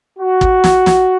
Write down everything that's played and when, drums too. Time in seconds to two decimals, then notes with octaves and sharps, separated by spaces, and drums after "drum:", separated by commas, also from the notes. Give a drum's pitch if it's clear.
0.19 F#4
0.41 drum: kick
0.64 drum: snare
0.86 drum: snare